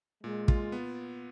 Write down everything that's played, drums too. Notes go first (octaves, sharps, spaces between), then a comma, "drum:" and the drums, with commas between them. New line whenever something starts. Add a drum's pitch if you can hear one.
A#2 G#3
F4, drum: kick
B3